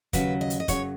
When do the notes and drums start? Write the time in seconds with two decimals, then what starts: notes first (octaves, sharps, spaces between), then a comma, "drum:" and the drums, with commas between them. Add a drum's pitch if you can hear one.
0.13 D#2 C#3 F#3 B4, drum: kick, hi-hat
0.41 D#5
0.50 drum: hi-hat
0.60 D#5
0.68 F#2 C#3 F#3 C#5, drum: kick, hi-hat